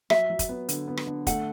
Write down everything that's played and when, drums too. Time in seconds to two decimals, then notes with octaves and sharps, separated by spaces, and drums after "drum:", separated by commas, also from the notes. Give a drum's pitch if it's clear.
0.10 F#3 E5, drum: rim click
0.30 F#3
0.39 drum: kick, hi-hat
0.49 B3
0.69 D3, drum: hi-hat
0.88 B3
0.97 drum: rim click
1.07 D3
1.27 A3 F#5, drum: kick, hi-hat